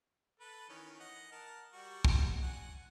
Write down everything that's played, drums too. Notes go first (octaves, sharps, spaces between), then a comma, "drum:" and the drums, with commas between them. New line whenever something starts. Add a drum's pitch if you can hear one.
A4 B4
D#3 E3 C#4
D#5 F#5
A#4 A5
G3 F#4
drum: kick
F#5 G#5